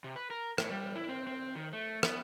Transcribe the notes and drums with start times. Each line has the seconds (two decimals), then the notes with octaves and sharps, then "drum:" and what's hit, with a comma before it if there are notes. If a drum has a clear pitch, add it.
0.04 C3
0.16 B4
0.30 A#4
0.58 A2, drum: rim click
0.71 G3
0.95 E4
1.09 C4
1.27 C4
1.55 D#3
1.73 A3
2.03 B3, drum: rim click